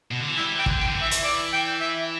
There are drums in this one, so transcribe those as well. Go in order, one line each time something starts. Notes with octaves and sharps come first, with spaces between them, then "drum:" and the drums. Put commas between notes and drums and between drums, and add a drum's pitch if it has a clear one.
B2
D3
E3
G3 E4
E3 G5
D3, drum: kick
B2 G5
D3
E3
E5
drum: hi-hat
D5
G5
E5